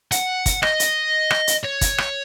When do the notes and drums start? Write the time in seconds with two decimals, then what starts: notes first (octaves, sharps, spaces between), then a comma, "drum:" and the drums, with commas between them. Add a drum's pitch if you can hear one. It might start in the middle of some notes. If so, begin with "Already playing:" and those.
0.12 F#5, drum: hi-hat
0.46 drum: kick, hi-hat
0.63 D#5, drum: rim click
0.80 drum: hi-hat
1.30 drum: rim click
1.47 drum: hi-hat
1.65 C#5
1.81 drum: kick, hi-hat
1.98 drum: rim click